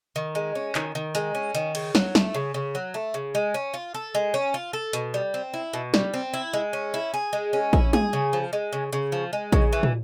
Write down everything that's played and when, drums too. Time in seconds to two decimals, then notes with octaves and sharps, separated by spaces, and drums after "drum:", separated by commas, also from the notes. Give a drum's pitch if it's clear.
0.16 D#3
0.35 G#3
0.55 C#4
0.75 D#3, drum: clap
0.95 D#3
1.15 G#3, drum: hi-hat
1.35 C#4
1.55 D#3, drum: hi-hat
1.75 C#3, drum: cymbal
1.95 F#3, drum: snare
2.15 A3, drum: snare
2.35 C#3
2.54 C#3
2.75 F#3
2.94 A3
3.14 C#3
3.35 G#3
3.54 C#4
3.74 F4
3.94 A4
4.15 G#3
4.34 C#4
4.54 F4
4.73 A4
4.93 B2, drum: hi-hat
5.14 G3
5.34 C4
5.54 E4
5.73 B2
5.94 G3, drum: snare
6.14 C4
6.34 E4
6.53 G#3
6.73 C#4
6.94 E4
7.14 G#4
7.33 G#3
7.53 C#4
7.73 E4, drum: kick A#1
7.93 G#4, drum: tom
8.13 C#3
8.33 F3
8.53 G#3
8.73 C#3
8.93 C#3
9.12 F3
9.33 G#3
9.52 C#3, drum: kick A#1
9.73 E3
9.83 drum: tom